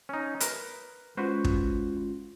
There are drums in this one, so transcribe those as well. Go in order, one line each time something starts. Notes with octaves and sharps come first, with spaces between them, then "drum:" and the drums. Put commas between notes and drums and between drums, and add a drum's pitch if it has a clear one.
C#4 D#4
A#4 B4, drum: hi-hat
G#3 C#4 F4 F#4 B4 C5
drum: kick